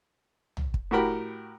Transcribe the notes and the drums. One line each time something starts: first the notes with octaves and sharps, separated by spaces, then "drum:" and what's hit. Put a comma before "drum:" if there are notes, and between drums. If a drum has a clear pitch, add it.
drum: tom
drum: kick
A2 F#4 G4 A#4 B5